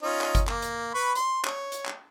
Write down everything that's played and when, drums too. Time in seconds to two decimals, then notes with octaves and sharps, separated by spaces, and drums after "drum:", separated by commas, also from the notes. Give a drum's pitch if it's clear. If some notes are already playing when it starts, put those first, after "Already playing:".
0.03 C#4 D#4 F4
0.21 drum: clap
0.35 drum: kick G1, hi-hat
0.48 A#3, drum: clap
0.62 drum: hi-hat
0.94 B4 B5 C#6
1.15 C6, drum: hi-hat
1.45 C#5, drum: clap
1.72 drum: hi-hat
1.86 drum: clap